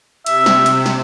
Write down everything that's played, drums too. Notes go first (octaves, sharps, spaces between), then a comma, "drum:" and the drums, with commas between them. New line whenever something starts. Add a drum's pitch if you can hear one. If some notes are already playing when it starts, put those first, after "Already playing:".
C3 E5, drum: hi-hat
drum: snare
drum: hi-hat
drum: snare